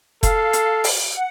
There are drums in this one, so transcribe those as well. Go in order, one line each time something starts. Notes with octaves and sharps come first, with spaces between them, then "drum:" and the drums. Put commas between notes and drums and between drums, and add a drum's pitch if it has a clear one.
A4 F5, drum: kick F1, hi-hat
drum: hi-hat
drum: open hi-hat
F#5